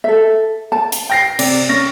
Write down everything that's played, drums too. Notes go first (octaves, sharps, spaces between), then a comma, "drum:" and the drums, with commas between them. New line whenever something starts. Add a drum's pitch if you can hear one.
A4 E5
A5
drum: hi-hat
G5 A#6 C7
C3 D5, drum: cymbal
C#4 A#6